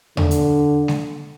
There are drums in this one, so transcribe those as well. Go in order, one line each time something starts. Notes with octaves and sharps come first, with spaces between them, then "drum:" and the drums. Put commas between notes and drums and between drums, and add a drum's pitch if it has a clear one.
D3, drum: tom E2
drum: hi-hat
drum: snare G#3